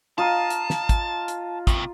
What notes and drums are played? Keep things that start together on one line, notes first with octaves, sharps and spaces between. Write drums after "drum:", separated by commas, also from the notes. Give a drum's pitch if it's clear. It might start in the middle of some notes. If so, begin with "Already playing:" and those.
F4 D#5 A5 A#5
drum: hi-hat
drum: snare
drum: kick, hi-hat
drum: hi-hat
A2 C3, drum: kick, hi-hat